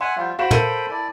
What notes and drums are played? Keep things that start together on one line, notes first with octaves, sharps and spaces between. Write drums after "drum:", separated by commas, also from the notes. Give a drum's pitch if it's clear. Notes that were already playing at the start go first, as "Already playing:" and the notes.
E5 F#5 G#5 C6
F3 G3 F4 F5 F#5 G6
F#4 C5 F5 G5 B5 C#6 E7
A4 A#4 E5 A5 D#7, drum: tom
E4 D5 A5